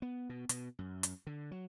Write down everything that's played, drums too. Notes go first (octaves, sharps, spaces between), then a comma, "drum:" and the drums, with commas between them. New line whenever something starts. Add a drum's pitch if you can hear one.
B3
B2
B2, drum: hi-hat
F#2
drum: hi-hat
D3
F#3